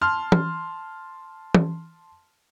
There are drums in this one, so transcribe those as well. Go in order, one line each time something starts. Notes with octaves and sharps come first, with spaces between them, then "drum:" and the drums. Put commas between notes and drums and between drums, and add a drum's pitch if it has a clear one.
A5 C6 F6
drum: tom
drum: tom